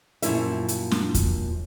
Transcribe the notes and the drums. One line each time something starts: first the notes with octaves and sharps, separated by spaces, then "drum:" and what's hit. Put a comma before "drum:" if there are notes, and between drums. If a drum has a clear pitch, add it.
F#2 A#2 F3 E4 A#4 E5, drum: hi-hat
drum: hi-hat
drum: snare
drum: kick E2, hi-hat